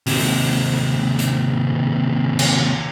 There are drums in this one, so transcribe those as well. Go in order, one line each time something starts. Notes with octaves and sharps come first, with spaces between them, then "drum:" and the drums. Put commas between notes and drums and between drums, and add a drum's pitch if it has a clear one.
D#2 C3, drum: open hi-hat
drum: hi-hat
drum: cymbal